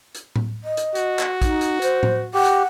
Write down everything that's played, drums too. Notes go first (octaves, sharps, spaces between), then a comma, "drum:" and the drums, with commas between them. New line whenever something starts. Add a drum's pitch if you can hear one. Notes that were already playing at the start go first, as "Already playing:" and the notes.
drum: hi-hat
drum: tom A2
D#5
drum: hi-hat
F#4, drum: hi-hat
drum: clap
D#4, drum: kick, hi-hat
drum: hi-hat
C5, drum: hi-hat
drum: tom A2
G4 F#5
drum: hi-hat